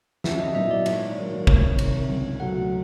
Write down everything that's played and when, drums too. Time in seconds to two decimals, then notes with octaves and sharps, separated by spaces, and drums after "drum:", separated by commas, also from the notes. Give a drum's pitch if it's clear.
0.24 B1 E5, drum: snare
0.40 D#5
0.55 A#2 F#3 B3 E4 E5
0.71 D5
0.86 G#2 C#5, drum: cymbal
1.17 D#3 F#3 A#3
1.47 C2 C#5, drum: kick
1.79 C3 D#3, drum: cymbal
2.10 C#2
2.40 B2 F#3 A3 F#5